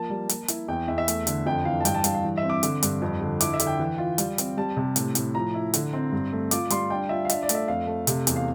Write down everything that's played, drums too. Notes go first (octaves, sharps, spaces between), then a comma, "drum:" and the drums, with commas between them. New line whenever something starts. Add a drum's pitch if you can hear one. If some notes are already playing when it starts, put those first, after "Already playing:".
Already playing: F3 A#3 A5
G3
A#3, drum: hi-hat
E4, drum: hi-hat
E2 G5
E2 E5
E5
A3, drum: hi-hat
D3, drum: hi-hat
F2 G5
E3 F5
A5
G2 G5, drum: hi-hat
A5
G2 F5, drum: hi-hat
F5
E3
E5
C4
D6
D3, drum: hi-hat
G2, drum: hi-hat
F2
D3
E4 D6, drum: hi-hat
E5
D3, drum: hi-hat
G5
E3
F4
G3, drum: hi-hat
C4, drum: hi-hat
G3 A5
C3
A2, drum: hi-hat
A2, drum: hi-hat
F3 A#5
E4
D3, drum: hi-hat
C4
G2
A3
F4 D6, drum: hi-hat
G3 C6, drum: hi-hat
D4 G5
F4 E5
F5
D4 E5, drum: hi-hat
D5
A3, drum: hi-hat
E5
F2 F5
A3
C3, drum: hi-hat
E2, drum: hi-hat
F5